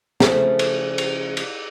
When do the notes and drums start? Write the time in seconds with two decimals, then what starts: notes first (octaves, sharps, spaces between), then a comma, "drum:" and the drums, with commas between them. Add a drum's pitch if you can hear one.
0.20 C#3 F3 A3, drum: snare
0.59 drum: cymbal
0.98 drum: cymbal
1.37 drum: cymbal